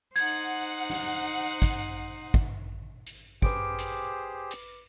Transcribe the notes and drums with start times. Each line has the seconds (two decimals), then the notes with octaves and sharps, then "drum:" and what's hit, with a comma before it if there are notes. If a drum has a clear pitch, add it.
0.16 D#4 C5 F#5 G#6, drum: hi-hat
0.90 drum: snare
1.62 drum: kick, hi-hat
2.34 drum: kick
3.06 drum: hi-hat
3.42 G4 G#4 B4 C5 D6 D7, drum: kick
3.78 drum: hi-hat
4.51 drum: hi-hat